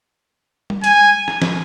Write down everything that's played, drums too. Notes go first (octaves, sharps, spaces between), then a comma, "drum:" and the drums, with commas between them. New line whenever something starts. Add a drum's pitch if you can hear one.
drum: tom G3
G#5, drum: hi-hat
drum: rim click
drum: snare